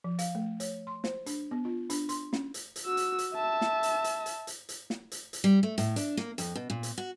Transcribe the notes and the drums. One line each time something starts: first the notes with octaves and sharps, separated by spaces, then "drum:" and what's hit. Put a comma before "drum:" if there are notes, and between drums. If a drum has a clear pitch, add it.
F3
F5, drum: hi-hat
A3
C#5, drum: hi-hat
C6
C5, drum: snare
D4, drum: hi-hat
B3
F4
D4, drum: hi-hat
C6, drum: hi-hat
C#4, drum: snare
drum: hi-hat
drum: hi-hat
F#4 E6
drum: hi-hat
drum: hi-hat
E5 A5
drum: snare
drum: hi-hat
drum: hi-hat
drum: hi-hat
drum: hi-hat
drum: hi-hat
drum: snare
drum: hi-hat
drum: hi-hat
G3
A3
A2, drum: hi-hat
D4, drum: hi-hat
A#3, drum: snare
F2, drum: hi-hat
B2
A#2
drum: hi-hat
F#4